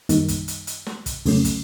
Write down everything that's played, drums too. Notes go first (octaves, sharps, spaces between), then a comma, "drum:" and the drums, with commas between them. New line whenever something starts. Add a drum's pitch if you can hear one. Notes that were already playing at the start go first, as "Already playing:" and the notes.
F#2 D#3 G3 A#3 D#4, drum: hi-hat
drum: kick, hi-hat
drum: hi-hat
drum: hi-hat
drum: snare
drum: kick, hi-hat
F2 C#3 F#3 A3 C#4, drum: open hi-hat
drum: kick, hi-hat